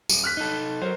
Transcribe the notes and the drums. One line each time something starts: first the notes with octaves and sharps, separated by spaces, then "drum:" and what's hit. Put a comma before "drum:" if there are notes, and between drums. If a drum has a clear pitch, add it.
D#1, drum: tambourine
F6 F#6 B6
D#4 A4
F#3 A#4 C5